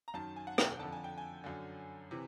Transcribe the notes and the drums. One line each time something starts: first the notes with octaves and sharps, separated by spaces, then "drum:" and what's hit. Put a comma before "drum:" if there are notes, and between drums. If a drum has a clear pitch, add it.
A#5
F#2 D#3 A5
G#5
F#5
G5, drum: rim click
F2 D3 A5
G#5
G5
G#5
F#2 D3
C3 E3